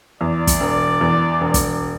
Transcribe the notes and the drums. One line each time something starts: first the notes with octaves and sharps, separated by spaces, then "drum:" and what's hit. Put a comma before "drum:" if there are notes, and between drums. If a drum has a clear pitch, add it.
E2 D5
drum: kick, hi-hat
E1
E2
E1
drum: kick, hi-hat